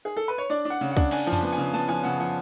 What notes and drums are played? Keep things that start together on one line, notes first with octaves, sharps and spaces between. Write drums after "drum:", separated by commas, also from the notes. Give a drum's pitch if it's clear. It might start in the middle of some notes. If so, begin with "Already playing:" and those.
G#4
A4
B4
C#5
D4 D5
D4
F#5
C#3
F#5
D4, drum: kick
D4 G#5, drum: cymbal
F3
A5, drum: tom F2
B3
G#5
C#3
B3 A5
F3 G#5
C#3 F#5
F3 F#5